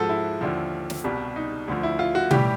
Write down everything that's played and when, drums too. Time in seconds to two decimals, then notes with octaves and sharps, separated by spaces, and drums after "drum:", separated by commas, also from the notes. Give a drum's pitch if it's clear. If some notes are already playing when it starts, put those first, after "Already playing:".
Already playing: G#2 F3 F#4 A4
0.09 E4
0.41 D#2 D3 F3
0.90 drum: snare
1.04 C2 B2 G3
1.36 D#4
1.68 D2 D3 F3
1.83 E4
1.99 F4
2.15 F#4
2.31 A2 E3 G3 G4, drum: tom B2